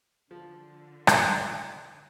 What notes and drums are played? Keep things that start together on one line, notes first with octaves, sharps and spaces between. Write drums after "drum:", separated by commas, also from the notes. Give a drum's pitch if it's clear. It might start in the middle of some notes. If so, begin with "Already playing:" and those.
D3 F3
drum: rim click